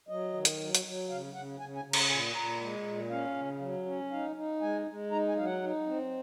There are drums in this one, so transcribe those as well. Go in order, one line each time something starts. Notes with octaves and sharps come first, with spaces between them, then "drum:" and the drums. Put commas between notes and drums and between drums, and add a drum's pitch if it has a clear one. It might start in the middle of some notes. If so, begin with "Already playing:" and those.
F#3 D#5
D#3
drum: hi-hat
F#3
drum: hi-hat
F#3
C#3 F5
C#3 F#5
C#3 G#5
G#5
C#3
A#5, drum: cymbal
A#2 G#5
A#2 A#5
G#3
A#2
C#4 F5
C#3
F#3
C#4
D#4 F5
D#4
G#3 G#5
G#3
D#4 A#5
G#5
F#3 F5
F#5
D#4
C4